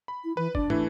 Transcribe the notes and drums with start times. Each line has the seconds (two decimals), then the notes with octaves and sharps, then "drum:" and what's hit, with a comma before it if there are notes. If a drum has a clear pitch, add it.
0.08 B5
0.24 E4
0.37 E3 B4
0.55 D4 D5, drum: kick
0.70 E3 A3 E4, drum: tom